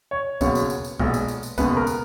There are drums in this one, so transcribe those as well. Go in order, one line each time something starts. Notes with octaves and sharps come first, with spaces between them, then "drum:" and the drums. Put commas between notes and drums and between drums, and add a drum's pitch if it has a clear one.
C#5
E1 D#2 C#3 F#3 B3 C#5, drum: kick C2, tambourine
drum: tambourine
drum: tambourine
drum: tambourine
B1 A#2 G#3 B3, drum: kick C2
drum: tambourine
drum: tambourine
drum: tambourine
E1 D#2 C#3 G#3 B3 B4, drum: kick C2, tambourine
A#4
drum: tambourine